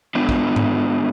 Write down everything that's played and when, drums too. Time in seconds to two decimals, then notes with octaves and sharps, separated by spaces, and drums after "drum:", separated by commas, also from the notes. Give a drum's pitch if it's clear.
0.15 G#2 B3 D4 F4
0.29 drum: kick
0.56 drum: tom G#2